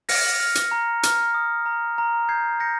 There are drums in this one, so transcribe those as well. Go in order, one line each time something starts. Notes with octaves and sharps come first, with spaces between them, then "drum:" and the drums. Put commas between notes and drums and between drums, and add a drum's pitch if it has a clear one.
F6 A#6 C#7, drum: open hi-hat
F6
drum: hi-hat
A#5
F6, drum: hi-hat
D#6
A#5
A#5
G6 G#6 C7
G6 A#6 C#7